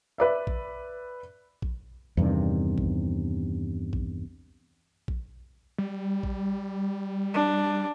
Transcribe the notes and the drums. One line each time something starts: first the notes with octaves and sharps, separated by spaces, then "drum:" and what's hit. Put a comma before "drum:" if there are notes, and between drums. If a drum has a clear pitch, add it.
B4 D5 E5
drum: kick A#1
drum: kick A#1
E2 G2 C3 D#3
drum: kick A#1
drum: kick A#1
drum: kick A#1
G3
drum: kick A#1
D4